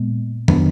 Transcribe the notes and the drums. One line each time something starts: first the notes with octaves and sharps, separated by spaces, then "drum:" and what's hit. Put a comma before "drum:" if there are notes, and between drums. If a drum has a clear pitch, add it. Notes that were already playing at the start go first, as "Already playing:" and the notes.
Already playing: A#2 G#3 B3
D#3 F#3 B3 D4, drum: tom